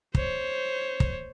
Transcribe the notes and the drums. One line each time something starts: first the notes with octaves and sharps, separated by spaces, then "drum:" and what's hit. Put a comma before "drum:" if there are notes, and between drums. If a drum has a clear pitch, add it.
C5 C#5, drum: kick
drum: kick